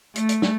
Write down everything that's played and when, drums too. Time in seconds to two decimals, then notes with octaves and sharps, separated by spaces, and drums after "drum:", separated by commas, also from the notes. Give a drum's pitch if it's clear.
0.16 A3, drum: hi-hat
0.29 drum: hi-hat
0.42 drum: snare